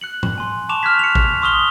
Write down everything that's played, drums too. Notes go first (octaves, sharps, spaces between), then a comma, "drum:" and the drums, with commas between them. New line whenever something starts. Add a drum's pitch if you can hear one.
F#6 C#7 F#7
drum: tom G#2
G#5 C6
A5 C#6 D6 E7 F7
F6 F#6 G#6 B6
C#7 F7
drum: kick
C6 C#6 D#6 F6 F7 G7